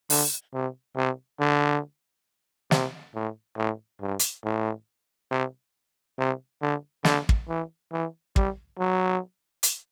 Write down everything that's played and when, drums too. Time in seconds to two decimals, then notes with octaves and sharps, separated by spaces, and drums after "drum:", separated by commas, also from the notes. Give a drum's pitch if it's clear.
0.10 D3, drum: open hi-hat
0.54 C3
0.97 C3
1.40 D3
2.71 C3, drum: snare
3.15 A2
3.58 A2
4.01 G2
4.19 drum: hi-hat
4.44 A2
5.31 C3
6.18 C3
6.62 D3
7.05 D3, drum: snare
7.29 drum: kick
7.48 E3
7.92 E3
8.36 G3, drum: kick
8.79 F#3
9.63 drum: hi-hat